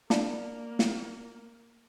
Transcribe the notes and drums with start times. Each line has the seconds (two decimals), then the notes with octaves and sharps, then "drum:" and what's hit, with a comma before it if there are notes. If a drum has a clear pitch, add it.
0.10 A#3 D4 D5 F5 B5, drum: snare
0.79 drum: snare